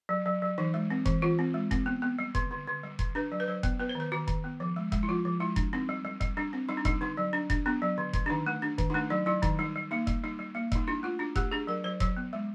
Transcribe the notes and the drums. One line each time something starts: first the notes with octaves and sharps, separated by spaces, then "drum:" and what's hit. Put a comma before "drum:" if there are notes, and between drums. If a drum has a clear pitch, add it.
F#3
F#3
F#3
E3 D#4
G#3
C4
E3, drum: kick F1
E3 F4
C4
G#3
C4, drum: kick F1
B3
B3
G3
D3, drum: kick F1
D3
D3
G3
D3, drum: kick F1
D4 B4
F#3
B4
F#3 C5
B3, drum: kick F1
B3 B4
C5
D#3 B4
D#3 F#4
D#3, drum: kick F1
B3
F3
G#3
G#3, drum: kick F1
E4
F3 F4
F3
G#3 E4
D4, drum: kick F1
C4 D#4
G3
G3
G3, drum: kick F1
G3 D4
C4
G3 D#4
D4
G3 D#4, drum: kick F1
D3 D#4
F#3
D4
D4, drum: kick F1
B3 D4
F#3
D3
D3, drum: kick F1
D4
D#3 D#4
A3
D4
D#3, drum: kick F1
D#4
A3 D4
F#3 D#4
F#3 E4
D#3 D#4, drum: kick F1
G3 D#4
G3
A#3 D#4
G3, drum: kick F1
G3 D#4
G3
A#3
G3 D#4, drum: kick F1
D4 E4
A3 F4
D4 F#4
A3 G4, drum: kick F1
D4 G#4
F#3 A#4
F#3 C5
F#3 C#5, drum: kick F1
B3
G#3